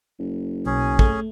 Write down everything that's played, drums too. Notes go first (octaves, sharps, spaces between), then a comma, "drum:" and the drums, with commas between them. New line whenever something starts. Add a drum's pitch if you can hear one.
F#1
B1 C#4 G#4
A3, drum: kick